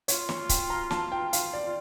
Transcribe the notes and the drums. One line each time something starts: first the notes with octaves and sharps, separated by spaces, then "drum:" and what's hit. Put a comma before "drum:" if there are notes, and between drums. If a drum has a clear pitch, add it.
F4 C#5, drum: hi-hat
C#5, drum: snare
G5, drum: kick C#1, hi-hat
A#5
A5, drum: snare
G5
F5, drum: hi-hat
D5
F4